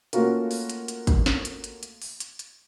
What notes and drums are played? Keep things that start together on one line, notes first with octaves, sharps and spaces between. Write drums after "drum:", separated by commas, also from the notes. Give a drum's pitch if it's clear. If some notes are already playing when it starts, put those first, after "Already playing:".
A3 A#3 C#4 F4 F#4 A#4, drum: hi-hat
drum: open hi-hat
drum: hi-hat
drum: hi-hat
drum: kick, hi-hat
drum: snare
drum: hi-hat
drum: hi-hat
drum: hi-hat
drum: open hi-hat
drum: hi-hat
drum: hi-hat